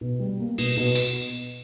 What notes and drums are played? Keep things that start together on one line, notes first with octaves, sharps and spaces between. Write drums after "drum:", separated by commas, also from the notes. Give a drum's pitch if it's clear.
B2
G3
A#3
B2, drum: cymbal
B2
drum: tambourine